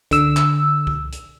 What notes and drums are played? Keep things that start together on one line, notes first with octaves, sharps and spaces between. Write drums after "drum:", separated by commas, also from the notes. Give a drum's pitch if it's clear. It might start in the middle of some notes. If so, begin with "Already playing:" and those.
D3 E6, drum: kick, hi-hat
drum: clap
drum: kick
drum: hi-hat